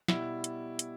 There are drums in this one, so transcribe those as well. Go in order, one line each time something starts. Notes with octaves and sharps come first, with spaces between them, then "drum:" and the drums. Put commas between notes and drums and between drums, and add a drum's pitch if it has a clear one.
B2 G3 E4, drum: snare
drum: hi-hat
drum: hi-hat